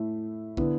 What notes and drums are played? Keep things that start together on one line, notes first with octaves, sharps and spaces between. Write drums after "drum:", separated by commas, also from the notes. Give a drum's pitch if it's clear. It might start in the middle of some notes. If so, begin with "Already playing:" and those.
Already playing: A2 A3 E4 E5
D3 B3 E4, drum: kick